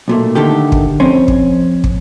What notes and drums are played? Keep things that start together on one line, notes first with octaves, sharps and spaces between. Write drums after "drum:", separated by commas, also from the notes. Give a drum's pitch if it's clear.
B1 A#2 A3
D3 D#3 A3 G4
drum: kick
F2 C4 C#4
drum: kick
drum: kick